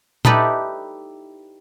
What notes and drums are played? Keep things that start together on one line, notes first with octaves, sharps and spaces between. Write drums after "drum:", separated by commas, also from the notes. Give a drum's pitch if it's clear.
D#4 E4 G4 A4 B4 D5, drum: tom A#2